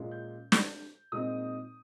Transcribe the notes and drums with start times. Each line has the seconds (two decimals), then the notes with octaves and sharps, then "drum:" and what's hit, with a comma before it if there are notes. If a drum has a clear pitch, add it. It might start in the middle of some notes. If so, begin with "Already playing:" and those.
Already playing: A#2 G#3 C#4 F4
0.11 G6
0.52 G6, drum: snare
1.12 A#2 G#3 C4 D#4 D#6